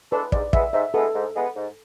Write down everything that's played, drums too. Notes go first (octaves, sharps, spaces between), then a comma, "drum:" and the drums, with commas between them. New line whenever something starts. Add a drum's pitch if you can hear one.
G#3 D4 A4 B4
G#2 D5, drum: kick
E3 G#3 B3 E5, drum: kick
G#2 E5
E3 G#3 B3 A4
G#2
E3 G#3 B3
G#2